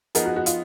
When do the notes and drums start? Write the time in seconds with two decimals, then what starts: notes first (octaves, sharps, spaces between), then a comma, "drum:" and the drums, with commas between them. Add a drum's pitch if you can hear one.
0.15 F3 B3 D#4 G#4 A#4, drum: hi-hat
0.26 F#4
0.36 F#4
0.46 F4, drum: hi-hat